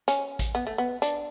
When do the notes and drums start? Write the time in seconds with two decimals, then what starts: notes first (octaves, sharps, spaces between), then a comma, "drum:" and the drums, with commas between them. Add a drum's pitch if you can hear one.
0.08 C#4, drum: hi-hat
0.39 drum: kick, hi-hat
0.55 B3
0.67 A3
0.78 B3
1.02 D4, drum: hi-hat